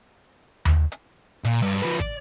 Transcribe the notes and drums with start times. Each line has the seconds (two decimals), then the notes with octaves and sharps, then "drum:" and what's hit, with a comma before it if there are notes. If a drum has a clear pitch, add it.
0.65 drum: tom D#2
0.92 drum: hi-hat
1.44 A#2, drum: hi-hat
1.62 G2, drum: open hi-hat
1.82 F3 B4
2.00 D5, drum: kick